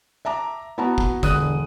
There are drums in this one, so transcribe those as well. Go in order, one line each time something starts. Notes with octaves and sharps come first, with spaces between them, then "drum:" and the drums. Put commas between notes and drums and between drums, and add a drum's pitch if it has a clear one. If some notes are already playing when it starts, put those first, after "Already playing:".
E5 A5 A#5 D6
B3 E4 F#4 A5 A#5
drum: kick
E1 D3 D#6 F#6 D#7, drum: kick, tambourine